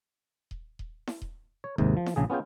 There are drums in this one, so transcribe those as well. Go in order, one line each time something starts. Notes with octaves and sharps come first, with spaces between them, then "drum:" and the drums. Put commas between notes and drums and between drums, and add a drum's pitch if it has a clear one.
drum: kick D#1
drum: kick D#1
drum: snare E4
drum: kick D#1
C#5
D#2 G#2 C3, drum: kick D#1
F3
drum: snare E4
A#1 C#3 G#4
B3 C#4 F4 G#4 G5